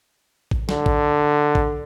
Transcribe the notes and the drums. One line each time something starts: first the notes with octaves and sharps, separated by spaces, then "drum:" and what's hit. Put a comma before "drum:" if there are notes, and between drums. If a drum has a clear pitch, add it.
drum: kick A1
D3, drum: snare
drum: kick A1
drum: kick A1